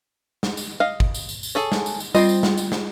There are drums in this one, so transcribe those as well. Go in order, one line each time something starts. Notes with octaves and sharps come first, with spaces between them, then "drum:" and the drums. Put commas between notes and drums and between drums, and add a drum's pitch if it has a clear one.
drum: snare
drum: tambourine
D#5 F5
drum: kick
drum: tambourine
drum: tambourine
drum: tambourine
G#4 A4 C#5
drum: snare
drum: tambourine
drum: tambourine
G3 C4 F4 C5 D#5, drum: tambourine
drum: tambourine
drum: snare
drum: tambourine
drum: snare